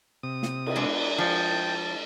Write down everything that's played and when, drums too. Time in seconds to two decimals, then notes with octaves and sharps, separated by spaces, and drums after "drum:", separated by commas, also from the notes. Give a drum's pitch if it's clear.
0.23 C3 D#6
0.43 drum: snare
0.66 drum: cymbal
0.76 G#3 B3 D4 D5
1.18 F3 G#4 G5 A5